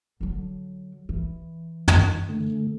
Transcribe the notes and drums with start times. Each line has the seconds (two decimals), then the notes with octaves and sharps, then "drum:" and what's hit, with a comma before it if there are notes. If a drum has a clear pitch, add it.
0.21 D3 F#3
1.09 E3
1.88 drum: tom
2.29 D3 A3